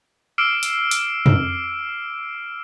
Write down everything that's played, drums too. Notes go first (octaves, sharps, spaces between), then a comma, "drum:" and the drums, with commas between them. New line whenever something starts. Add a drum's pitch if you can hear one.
D6 E6 F6 C7 D7 E7
drum: hi-hat
drum: hi-hat
drum: tom